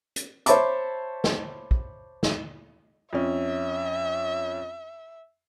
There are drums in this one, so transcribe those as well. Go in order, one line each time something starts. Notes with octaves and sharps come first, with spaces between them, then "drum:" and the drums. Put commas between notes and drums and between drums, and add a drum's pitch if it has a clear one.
drum: hi-hat
C5 C#5 E5 A5 B5 D6, drum: hi-hat
drum: snare
drum: kick
drum: snare
F2 C#4 E5